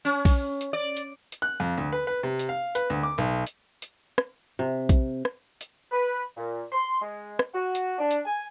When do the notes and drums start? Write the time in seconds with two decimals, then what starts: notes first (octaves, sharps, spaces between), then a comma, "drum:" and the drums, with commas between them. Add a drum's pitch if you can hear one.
0.05 C#4
0.25 drum: kick A#1, open hi-hat
0.61 drum: hi-hat
0.73 D5
0.97 drum: hi-hat
1.32 drum: hi-hat
1.42 F#6
1.60 F2
1.77 D2
1.92 B4
2.07 B4
2.23 C3
2.39 drum: hi-hat
2.49 F5
2.75 B4, drum: hi-hat
2.90 D2
3.03 D6
3.18 B1
3.47 drum: hi-hat
3.82 drum: hi-hat
4.18 drum: rim click
4.59 C3
4.89 drum: kick A#1, hi-hat
5.25 drum: rim click
5.61 drum: hi-hat
5.92 B4
6.36 A#2
6.71 C6
7.01 G#3
7.39 drum: rim click
7.53 F#4
7.75 drum: hi-hat
7.99 D4
8.11 drum: hi-hat
8.25 G#5